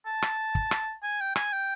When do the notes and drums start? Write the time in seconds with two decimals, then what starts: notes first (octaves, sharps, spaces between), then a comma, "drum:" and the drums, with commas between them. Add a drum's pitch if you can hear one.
0.06 A5
0.22 drum: rim click
0.55 drum: kick
0.71 drum: rim click
1.03 G#5
1.21 G5
1.36 G#5, drum: rim click
1.53 G5